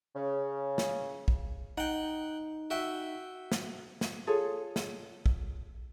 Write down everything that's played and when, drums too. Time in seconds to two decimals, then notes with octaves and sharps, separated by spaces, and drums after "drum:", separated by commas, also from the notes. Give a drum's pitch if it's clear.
0.15 C#3
0.78 drum: snare
1.28 drum: kick
1.78 D#4 F#5 G5
2.70 F#4 E5 G5
3.52 drum: snare
4.01 drum: snare
4.27 F4 G#4 A4 C#5
4.76 drum: snare
5.26 drum: kick